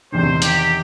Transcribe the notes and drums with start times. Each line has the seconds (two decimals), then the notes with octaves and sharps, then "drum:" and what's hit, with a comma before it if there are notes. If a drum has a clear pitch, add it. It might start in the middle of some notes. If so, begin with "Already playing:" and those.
0.12 E2 C3 D#3 C5
0.42 G4, drum: hi-hat